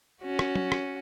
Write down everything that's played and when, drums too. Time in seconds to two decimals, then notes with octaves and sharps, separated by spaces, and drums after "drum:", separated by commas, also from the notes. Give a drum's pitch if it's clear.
0.23 C#4 F#4
0.39 drum: rim click
0.55 drum: tom
0.72 drum: rim click